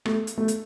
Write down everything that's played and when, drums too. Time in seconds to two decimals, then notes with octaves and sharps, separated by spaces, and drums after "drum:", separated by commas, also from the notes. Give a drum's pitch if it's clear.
0.05 A3, drum: rim click
0.27 drum: hi-hat
0.38 A3
0.48 drum: hi-hat